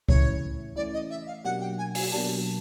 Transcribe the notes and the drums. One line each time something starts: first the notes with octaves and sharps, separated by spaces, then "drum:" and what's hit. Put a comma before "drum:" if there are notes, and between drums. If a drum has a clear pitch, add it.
E3 A3 C#4 E4 C#5, drum: kick C2
E3 A3 C#4 E4 D5
D#5
E5
F5
B2 F#3 A#3 D4 G4 F#5
G5
G#5
G#5, drum: open hi-hat
B2 F#3 A#3 D4 G4 A5